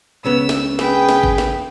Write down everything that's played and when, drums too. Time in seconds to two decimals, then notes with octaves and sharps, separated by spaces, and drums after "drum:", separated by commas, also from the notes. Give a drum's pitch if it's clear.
0.25 C#2 C#3 B3 E6
0.49 drum: snare
0.79 G#4 B4 G5, drum: snare
1.09 drum: snare
1.23 drum: kick G#1
1.38 drum: snare